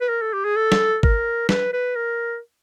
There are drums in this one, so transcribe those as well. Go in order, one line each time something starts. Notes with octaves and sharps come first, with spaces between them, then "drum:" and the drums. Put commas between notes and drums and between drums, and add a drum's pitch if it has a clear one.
B4
A#4
A4
G4
G#4
A4
drum: snare
A#4, drum: kick
B4, drum: snare
B4
A#4